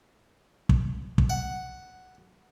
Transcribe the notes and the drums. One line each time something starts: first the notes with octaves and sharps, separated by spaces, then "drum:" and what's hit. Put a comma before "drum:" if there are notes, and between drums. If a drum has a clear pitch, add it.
drum: kick
drum: kick
F#5